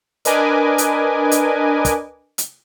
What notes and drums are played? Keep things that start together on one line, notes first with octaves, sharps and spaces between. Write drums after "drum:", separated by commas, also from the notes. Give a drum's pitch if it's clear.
D4 A#4 B4 D#5 G#5 D6, drum: hi-hat
drum: hi-hat
drum: hi-hat
drum: kick, hi-hat
drum: hi-hat